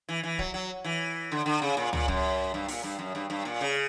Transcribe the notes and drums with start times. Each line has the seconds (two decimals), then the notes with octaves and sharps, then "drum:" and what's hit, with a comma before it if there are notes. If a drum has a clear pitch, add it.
0.09 E3
0.23 E3
0.39 F#3, drum: kick
0.54 F#3
0.84 E3
1.32 D3
1.46 D3
1.62 C#3
1.77 A#2
1.93 A#2, drum: tom
2.08 F#2, drum: kick
2.54 G2
2.68 A#2, drum: open hi-hat
2.84 G2
2.99 F#2
3.15 G2
3.30 G2
3.45 A#2
3.61 C#3